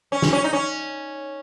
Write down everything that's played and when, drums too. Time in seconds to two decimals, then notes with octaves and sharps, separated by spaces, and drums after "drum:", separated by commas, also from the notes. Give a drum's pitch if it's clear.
0.12 C#4
0.22 drum: snare
0.33 C#4
0.44 D#4
0.53 C#4